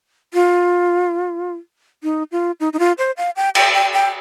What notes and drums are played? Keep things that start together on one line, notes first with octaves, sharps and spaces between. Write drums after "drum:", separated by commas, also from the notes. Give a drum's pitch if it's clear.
F4
D#4
F4
D#4
D#4
F4
C5
F5
G5
G5, drum: cymbal
G5
G5